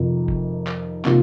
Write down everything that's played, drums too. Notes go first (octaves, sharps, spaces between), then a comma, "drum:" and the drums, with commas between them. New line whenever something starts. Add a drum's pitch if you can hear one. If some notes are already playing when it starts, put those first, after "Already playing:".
Already playing: F2 C3 D#3
drum: kick F1
drum: clap
C3 D#3 A#3 F4, drum: clap